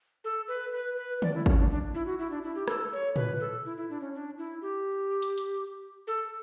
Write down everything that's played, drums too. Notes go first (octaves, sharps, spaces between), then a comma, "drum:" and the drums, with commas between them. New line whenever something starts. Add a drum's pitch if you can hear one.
A4
B4
B4
B4
D5, drum: tom D3
E4
C#4, drum: kick
D4
D4
E4
F#4
E4
D4
E4
G4
A4, drum: rim click
C#5
B4, drum: tom A2
A4
E4
E4
D4
C#4
D4
E4
G4
drum: hi-hat
drum: hi-hat
A4